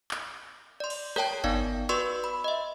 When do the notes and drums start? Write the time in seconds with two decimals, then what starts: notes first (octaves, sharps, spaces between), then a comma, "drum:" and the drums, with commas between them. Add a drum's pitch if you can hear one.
0.11 drum: clap
0.80 D5 C6
0.90 drum: cymbal
1.16 A#4 C#5 G5 A5, drum: rim click
1.44 B3 D#4 D5 F5, drum: kick G1
1.89 F#4 B4 D5 C6 C#6 E6
2.24 B5
2.44 D#5 E5